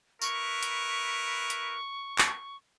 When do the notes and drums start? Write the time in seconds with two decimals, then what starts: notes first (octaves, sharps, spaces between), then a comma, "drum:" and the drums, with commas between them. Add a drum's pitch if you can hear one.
0.22 E4 A#4 B4 C#6, drum: tambourine
0.63 drum: hi-hat
1.50 drum: hi-hat
2.18 drum: clap